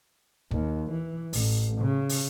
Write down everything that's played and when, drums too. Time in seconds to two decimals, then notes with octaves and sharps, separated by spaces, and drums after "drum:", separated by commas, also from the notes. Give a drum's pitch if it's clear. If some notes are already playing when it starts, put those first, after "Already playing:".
0.51 D#2, drum: kick
0.92 E3
1.33 A1, drum: open hi-hat
1.82 C#3
2.09 drum: open hi-hat